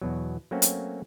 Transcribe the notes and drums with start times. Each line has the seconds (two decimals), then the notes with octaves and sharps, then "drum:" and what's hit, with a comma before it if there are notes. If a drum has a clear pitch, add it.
0.02 E2 B2 F#3
0.51 F#3 A3 A#3 C4 C#4 F#4
0.62 drum: hi-hat